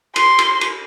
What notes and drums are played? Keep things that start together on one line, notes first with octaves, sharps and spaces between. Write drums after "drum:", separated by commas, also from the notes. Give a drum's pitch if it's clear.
C6, drum: cymbal
drum: cymbal
drum: cymbal